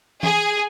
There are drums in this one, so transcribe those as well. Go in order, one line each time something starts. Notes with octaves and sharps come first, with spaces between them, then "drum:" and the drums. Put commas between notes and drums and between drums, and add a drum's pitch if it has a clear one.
G#4, drum: tom E3